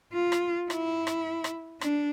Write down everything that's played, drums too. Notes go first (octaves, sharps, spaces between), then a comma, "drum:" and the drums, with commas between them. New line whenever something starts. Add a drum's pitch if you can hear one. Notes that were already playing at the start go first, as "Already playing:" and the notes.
F4
drum: rim click
E4, drum: rim click
drum: rim click
drum: rim click
D4, drum: rim click